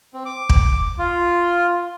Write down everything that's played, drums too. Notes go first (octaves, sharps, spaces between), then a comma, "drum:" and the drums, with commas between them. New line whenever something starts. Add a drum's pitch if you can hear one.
C4
D6
drum: kick
F4